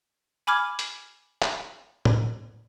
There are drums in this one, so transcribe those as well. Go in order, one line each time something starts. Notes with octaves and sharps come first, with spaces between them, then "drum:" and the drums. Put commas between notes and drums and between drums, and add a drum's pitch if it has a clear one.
G#5 B5 D6 F6 G#6
drum: hi-hat
drum: clap
drum: tom A2